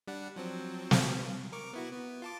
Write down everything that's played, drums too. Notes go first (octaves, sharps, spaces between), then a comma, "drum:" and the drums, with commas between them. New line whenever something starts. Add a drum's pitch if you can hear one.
G3 D4 F#5
F3 F#3 C4
drum: snare
A#4 C#6 D6
B3 E4 F#4
B3
F4 A5 D6